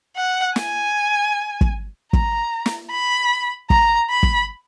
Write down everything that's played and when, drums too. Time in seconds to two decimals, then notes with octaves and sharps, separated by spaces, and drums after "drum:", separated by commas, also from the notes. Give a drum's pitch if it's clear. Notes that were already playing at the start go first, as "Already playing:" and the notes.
0.16 F#5
0.56 G#5, drum: snare
1.61 drum: kick
2.13 A#5, drum: kick
2.66 drum: snare
2.92 B5
3.70 A#5, drum: kick
4.10 B5
4.23 drum: kick